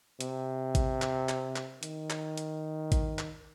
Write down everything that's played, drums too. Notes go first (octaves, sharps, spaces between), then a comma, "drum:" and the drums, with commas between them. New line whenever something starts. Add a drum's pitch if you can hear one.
C3, drum: hi-hat
drum: kick A1, hi-hat
drum: clap
drum: clap
drum: clap
D#3, drum: hi-hat
drum: clap
drum: hi-hat
drum: kick A1, hi-hat
drum: clap